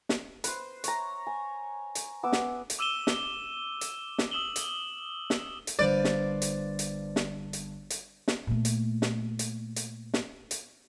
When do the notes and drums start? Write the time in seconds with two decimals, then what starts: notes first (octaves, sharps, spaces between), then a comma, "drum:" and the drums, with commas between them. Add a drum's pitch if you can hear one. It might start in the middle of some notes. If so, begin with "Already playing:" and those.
0.09 drum: snare
0.44 B4 C5, drum: hi-hat
0.84 C#5 A#5, drum: hi-hat
1.27 G#5
1.95 drum: hi-hat
2.23 B3 D6 E6
2.33 drum: snare
2.70 drum: hi-hat
2.79 D6 E6 D#7 E7 G7
3.07 drum: snare
3.81 drum: hi-hat
4.18 drum: snare
4.31 D#6 E6 E7 F#7 G7
4.56 drum: hi-hat
5.30 drum: snare
5.67 drum: hi-hat
5.79 G1 G2 B4 C5 D5 F5
6.04 drum: snare
6.42 drum: hi-hat
6.79 drum: hi-hat
7.16 drum: snare
7.53 drum: hi-hat
7.90 drum: hi-hat
8.28 drum: snare
8.47 A#2 A3
8.65 drum: hi-hat
9.02 drum: snare
9.39 drum: hi-hat
9.76 drum: hi-hat
10.14 drum: snare
10.51 drum: hi-hat